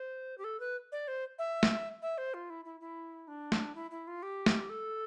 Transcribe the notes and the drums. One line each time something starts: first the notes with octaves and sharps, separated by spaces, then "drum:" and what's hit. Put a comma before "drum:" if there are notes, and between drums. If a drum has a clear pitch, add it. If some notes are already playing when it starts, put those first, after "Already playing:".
Already playing: C5
G4
A4
B4
D5
C5
E5
drum: snare
E5
C5
F4
E4
E4
E4
D4
drum: snare
E4
E4
F4
G4
drum: snare
A4